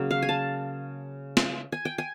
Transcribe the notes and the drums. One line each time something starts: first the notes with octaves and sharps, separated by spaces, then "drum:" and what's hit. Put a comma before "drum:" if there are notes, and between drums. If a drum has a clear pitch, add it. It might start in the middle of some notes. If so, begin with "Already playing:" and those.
Already playing: C#3 F#3 A#3
F5
G#5
A5
drum: snare
G#5
G5
G#5